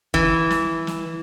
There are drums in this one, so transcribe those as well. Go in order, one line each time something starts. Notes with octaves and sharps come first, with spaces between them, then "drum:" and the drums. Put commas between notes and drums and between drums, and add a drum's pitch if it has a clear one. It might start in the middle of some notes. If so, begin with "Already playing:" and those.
E3, drum: kick
drum: snare
drum: snare